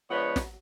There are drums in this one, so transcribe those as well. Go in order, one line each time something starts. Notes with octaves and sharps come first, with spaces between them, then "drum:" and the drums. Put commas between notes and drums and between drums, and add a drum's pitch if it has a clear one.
F3 G#3 B3 D4 B4 C#5
drum: snare